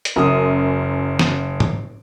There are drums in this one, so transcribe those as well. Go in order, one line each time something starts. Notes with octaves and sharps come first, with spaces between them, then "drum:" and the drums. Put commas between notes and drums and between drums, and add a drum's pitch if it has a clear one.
drum: hi-hat
F#1 F#2 D#6
drum: snare
drum: tom